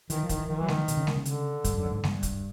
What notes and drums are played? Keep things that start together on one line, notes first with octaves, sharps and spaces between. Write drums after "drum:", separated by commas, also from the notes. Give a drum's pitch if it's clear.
D#3 E3, drum: hi-hat
F3
D#3, drum: kick, hi-hat
E3
D#3 F3
E3 F#3
D#3, drum: snare G#3
F3
B2, drum: hi-hat
C#3
D3, drum: snare G#3
C#3
D3, drum: hi-hat
G2, drum: kick, hi-hat
F#2
G#2
G2, drum: snare G#3
drum: kick, hi-hat